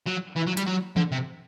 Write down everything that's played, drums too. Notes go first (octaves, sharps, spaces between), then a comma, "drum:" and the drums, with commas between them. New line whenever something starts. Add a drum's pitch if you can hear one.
F#3
E3
F#3
G3, drum: hi-hat
F#3
D3, drum: tom E3
C3